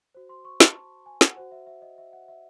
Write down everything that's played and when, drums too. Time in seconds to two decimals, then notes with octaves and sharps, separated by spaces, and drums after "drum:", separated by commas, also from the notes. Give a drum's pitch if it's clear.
0.15 F#4 C5
0.29 C6
0.45 C#6
0.60 A5, drum: snare
1.06 G#5
1.21 F#5, drum: snare
1.37 F#4 C5 F#5
1.52 E5
1.67 E5
1.82 D#5
1.98 E5
2.13 F#5
2.28 E5